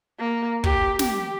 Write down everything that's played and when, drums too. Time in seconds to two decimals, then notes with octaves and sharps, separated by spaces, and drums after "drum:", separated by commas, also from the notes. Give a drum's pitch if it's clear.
0.20 A#3
0.64 G4, drum: kick
0.99 G4, drum: snare